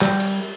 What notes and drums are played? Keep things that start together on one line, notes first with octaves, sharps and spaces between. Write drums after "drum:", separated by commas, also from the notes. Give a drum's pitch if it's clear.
G3, drum: clap
drum: cymbal